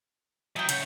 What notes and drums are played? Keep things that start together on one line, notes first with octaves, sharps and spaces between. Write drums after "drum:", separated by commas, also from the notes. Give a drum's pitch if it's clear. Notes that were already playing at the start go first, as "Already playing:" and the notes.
F#3 E4 D#5 G5
C#3 C#5 F#5 G6, drum: hi-hat